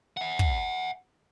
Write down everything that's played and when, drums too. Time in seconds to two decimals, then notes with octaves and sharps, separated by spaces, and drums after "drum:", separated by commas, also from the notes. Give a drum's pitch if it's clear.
0.17 E5 F#5
0.39 drum: kick